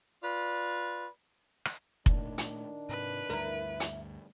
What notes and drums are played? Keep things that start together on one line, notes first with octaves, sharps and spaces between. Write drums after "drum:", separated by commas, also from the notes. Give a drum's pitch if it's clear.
F4 B4 D5
drum: rim click
A#2 D#3 A3 D4, drum: kick F1
drum: hi-hat
G#2 C3 B4
D2 G2 E4 A#4
drum: hi-hat